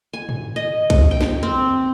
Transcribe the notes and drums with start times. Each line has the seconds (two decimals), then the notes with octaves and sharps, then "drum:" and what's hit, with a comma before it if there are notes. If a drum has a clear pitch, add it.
0.13 G#5
0.29 drum: tom G2
0.56 D#5
0.90 drum: kick, cymbal
1.11 G5
1.21 drum: snare
1.43 C4